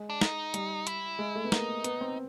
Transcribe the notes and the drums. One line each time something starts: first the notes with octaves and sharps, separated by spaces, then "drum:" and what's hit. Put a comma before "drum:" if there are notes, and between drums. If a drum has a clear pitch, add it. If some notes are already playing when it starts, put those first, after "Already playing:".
Already playing: G#3
D4
D#4, drum: snare
G3, drum: hi-hat
E4, drum: hi-hat
G#3
A3
B3
A#3 D#4, drum: snare
B3, drum: hi-hat
C4